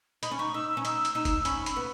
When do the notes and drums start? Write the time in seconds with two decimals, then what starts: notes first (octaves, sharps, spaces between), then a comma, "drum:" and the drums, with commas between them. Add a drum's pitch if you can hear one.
0.23 D#4 B5, drum: hi-hat
0.31 C#4
0.38 D#4 C#6
0.54 D#4 E6
0.69 E6
0.77 C#4
0.85 D#4 E6, drum: hi-hat
1.05 drum: hi-hat
1.14 D#4 E6
1.25 drum: kick, hi-hat
1.45 C#4 B5, drum: hi-hat
1.66 B5, drum: hi-hat
1.76 B3